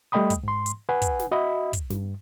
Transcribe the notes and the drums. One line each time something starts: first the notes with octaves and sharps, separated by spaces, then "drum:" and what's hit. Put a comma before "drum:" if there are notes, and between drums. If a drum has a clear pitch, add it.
G3 A3 D#5 G5 B5 D#6
drum: kick, hi-hat
G#2 C6
drum: hi-hat
B4 F#5 G#5
drum: kick, hi-hat
drum: snare
F#4 D#5 E5 B5
drum: kick, hi-hat
G2, drum: snare